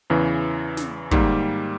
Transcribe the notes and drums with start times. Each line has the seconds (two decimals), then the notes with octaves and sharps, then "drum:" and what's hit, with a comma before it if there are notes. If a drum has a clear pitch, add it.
0.10 E2 C#3 E3
0.77 drum: snare
1.11 G#2 D#3 G3 A#3, drum: kick